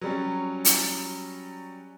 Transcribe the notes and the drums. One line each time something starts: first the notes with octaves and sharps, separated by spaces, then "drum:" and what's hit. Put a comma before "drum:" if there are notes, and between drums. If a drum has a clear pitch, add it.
F#3 G3 C#4
drum: hi-hat